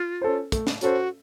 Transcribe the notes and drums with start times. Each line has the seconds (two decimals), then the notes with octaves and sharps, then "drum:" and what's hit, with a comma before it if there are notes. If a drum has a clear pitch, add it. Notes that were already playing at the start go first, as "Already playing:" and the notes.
Already playing: F4
0.21 C#4 A4 C5
0.52 A3, drum: kick, hi-hat
0.67 drum: snare
0.81 C#4 F#4 A4 C5, drum: hi-hat